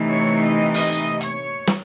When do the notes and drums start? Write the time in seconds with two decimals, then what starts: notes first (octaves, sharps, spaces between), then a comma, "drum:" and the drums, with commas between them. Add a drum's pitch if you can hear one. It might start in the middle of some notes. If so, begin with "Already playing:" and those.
Already playing: C3 E3 A3 D#4
0.11 C#5
0.43 D#5
0.74 D#5, drum: open hi-hat
1.21 C#5, drum: hi-hat
1.67 drum: snare